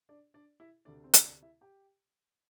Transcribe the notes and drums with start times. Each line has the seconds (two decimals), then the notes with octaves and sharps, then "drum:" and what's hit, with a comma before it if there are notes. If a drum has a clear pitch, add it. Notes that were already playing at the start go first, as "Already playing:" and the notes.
0.09 D4 D5
0.34 D4 D5
0.60 E4 E5
0.85 D2 C3 A3 D4 D5
1.04 C4 C5
1.14 drum: hi-hat
1.23 D4 D5
1.42 E4 E5
1.61 G4 G5